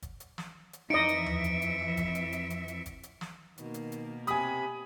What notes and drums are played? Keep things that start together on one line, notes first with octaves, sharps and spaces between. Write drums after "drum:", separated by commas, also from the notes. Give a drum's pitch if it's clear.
drum: kick, hi-hat
drum: hi-hat
drum: snare
drum: hi-hat
F2 E3 D#4 D#5 E5 C#7 D7
drum: hi-hat
drum: tom D#2
drum: hi-hat
drum: hi-hat
drum: kick, hi-hat
drum: hi-hat
drum: hi-hat
drum: hi-hat
drum: hi-hat
drum: kick, hi-hat
drum: hi-hat
drum: snare
B2 D#3 A#3, drum: hi-hat
drum: hi-hat
drum: hi-hat
C3 G4 G#5 B5 D#6, drum: hi-hat